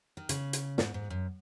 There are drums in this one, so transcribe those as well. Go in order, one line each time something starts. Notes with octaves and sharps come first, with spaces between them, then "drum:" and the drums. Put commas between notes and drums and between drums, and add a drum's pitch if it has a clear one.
D#3
C#3, drum: hi-hat
drum: hi-hat
G#2, drum: snare
G#2
F#2